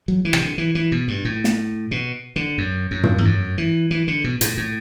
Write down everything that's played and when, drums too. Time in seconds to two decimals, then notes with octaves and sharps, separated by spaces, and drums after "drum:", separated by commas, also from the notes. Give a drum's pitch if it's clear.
0.08 F#3
0.25 E3
0.33 C3, drum: rim click
0.42 D3
0.58 E3
0.75 E3
0.92 B2
1.08 G2
1.25 A2
1.44 drum: snare
1.91 B2
2.36 D3
2.58 F#2
2.91 F#2
3.03 drum: tom
3.18 E2
3.25 F#2
3.58 E3
3.91 E3
4.08 D3
4.24 B2
4.41 A2, drum: hi-hat
4.57 A2